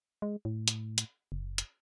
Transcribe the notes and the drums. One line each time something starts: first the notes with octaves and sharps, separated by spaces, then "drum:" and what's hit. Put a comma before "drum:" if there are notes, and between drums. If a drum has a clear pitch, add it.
G#3
A2
drum: hi-hat
drum: hi-hat
F#1
drum: hi-hat